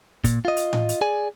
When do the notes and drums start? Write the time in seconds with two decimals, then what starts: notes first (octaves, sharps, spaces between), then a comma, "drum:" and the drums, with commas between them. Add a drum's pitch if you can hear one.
0.24 A#2, drum: kick, hi-hat
0.45 F4 D#5
0.57 drum: hi-hat
0.73 drum: tom A2
0.89 drum: hi-hat
1.01 G#4 D5 G#5